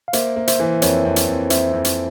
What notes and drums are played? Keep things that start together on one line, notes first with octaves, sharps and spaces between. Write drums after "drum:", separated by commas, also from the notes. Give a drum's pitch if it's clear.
F5
A#3 C5 E5, drum: hi-hat
A#3
C5 E5, drum: hi-hat
E3
F2 A#4 C#5, drum: hi-hat
F2
drum: hi-hat
F2
F2 C5 E5, drum: hi-hat
F2
drum: hi-hat